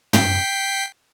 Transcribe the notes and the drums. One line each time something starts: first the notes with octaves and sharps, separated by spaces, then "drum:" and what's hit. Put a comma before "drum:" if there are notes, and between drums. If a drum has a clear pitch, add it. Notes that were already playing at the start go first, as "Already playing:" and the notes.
G5 B6 C7, drum: tom